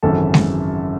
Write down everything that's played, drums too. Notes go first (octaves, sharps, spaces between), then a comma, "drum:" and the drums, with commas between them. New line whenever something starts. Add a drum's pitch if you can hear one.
G#1 F#2 C#3 E3 A4
drum: snare G#3